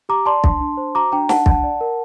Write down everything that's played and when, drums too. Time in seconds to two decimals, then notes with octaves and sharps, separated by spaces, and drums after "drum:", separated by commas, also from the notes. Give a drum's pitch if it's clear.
0.09 G4 A#5 D6
0.26 D5 A5 C6
0.44 D4, drum: kick
0.61 D4
0.77 C5
0.95 F#4 A#5 D6
1.12 D4 G5 A#5
1.29 D4 F#5 A5, drum: snare
1.46 D4 F#5 A5, drum: kick
1.64 D5
1.81 A#4